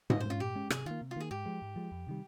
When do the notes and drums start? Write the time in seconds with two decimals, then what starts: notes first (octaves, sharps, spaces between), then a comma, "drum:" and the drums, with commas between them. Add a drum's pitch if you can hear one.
0.10 A#2 D#5, drum: tom G#2
0.20 C5
0.25 G#3 C#4 F4
0.40 A#2 G4
0.55 G#3 C#4
0.70 C3 G#4, drum: rim click
0.86 D#3 A#3 F4
1.02 C3
1.11 F4
1.16 D#3 A#3 G#4
1.31 G#2 G4
1.46 F3 G#3
1.62 G#2
1.76 F3 G#3
1.92 F2
2.07 C3 D#3 G3